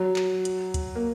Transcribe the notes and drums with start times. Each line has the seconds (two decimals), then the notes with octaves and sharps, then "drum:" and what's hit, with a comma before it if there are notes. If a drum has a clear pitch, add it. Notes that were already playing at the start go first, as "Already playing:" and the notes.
Already playing: F#3
0.16 drum: clap
0.45 drum: hi-hat
0.74 drum: kick, hi-hat
0.95 A#3